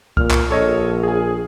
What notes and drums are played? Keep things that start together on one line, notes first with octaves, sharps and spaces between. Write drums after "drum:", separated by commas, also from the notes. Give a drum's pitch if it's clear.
A#2 F6, drum: kick C2
drum: clap
A#1 A4 C#5 D#5
G#4 G#5